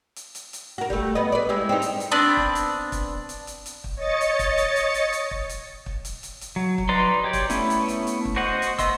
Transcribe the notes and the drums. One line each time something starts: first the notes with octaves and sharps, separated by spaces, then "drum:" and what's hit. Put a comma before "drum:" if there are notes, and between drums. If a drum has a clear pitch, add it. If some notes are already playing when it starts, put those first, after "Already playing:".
drum: hi-hat
drum: hi-hat
drum: hi-hat
F#4 A#4
G3 A3, drum: kick
B3 D#5
B4 D5
G3 G#3 E4
C4 D#4
drum: hi-hat
drum: hi-hat
B3 C4 D4
drum: kick
drum: hi-hat
drum: kick, hi-hat
drum: hi-hat
drum: hi-hat
drum: hi-hat
drum: kick
C#5 D#5 A6 C#7
drum: hi-hat
drum: kick, hi-hat
drum: hi-hat
drum: hi-hat
drum: hi-hat
drum: hi-hat
drum: kick
drum: hi-hat
drum: kick
drum: hi-hat
drum: hi-hat
drum: hi-hat
F#3
drum: kick
D#4 B4 D5 A#5 C6
G4 C#5 D5
drum: kick, hi-hat
A3 B3 C#4 E4, drum: hi-hat
drum: hi-hat
drum: hi-hat
drum: hi-hat
drum: kick
F#4 C5 D#5 F#5
drum: hi-hat
B3 D#5 C6 E6, drum: kick, hi-hat